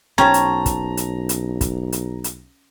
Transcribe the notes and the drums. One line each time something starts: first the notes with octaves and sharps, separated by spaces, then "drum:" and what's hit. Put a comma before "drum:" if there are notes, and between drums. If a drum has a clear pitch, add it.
B1 C#4 C5 G5 A5 A#5
drum: hi-hat
drum: kick, hi-hat
drum: hi-hat
drum: hi-hat
drum: kick, hi-hat
drum: hi-hat
drum: hi-hat